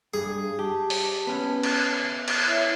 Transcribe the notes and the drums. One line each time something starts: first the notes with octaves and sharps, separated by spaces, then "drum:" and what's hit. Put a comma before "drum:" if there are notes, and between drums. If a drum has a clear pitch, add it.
G2 G#4
G4 A5
drum: open hi-hat
B3 C#4
drum: cymbal
drum: cymbal
E4 C#5 E5